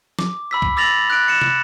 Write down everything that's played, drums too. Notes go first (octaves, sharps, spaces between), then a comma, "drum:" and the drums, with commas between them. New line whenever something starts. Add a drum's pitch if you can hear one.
D6, drum: snare
B5 E6 B6
drum: kick
D6 E6 A6 A#6 F7 F#7
F#6 D7
C#7 E7
drum: tom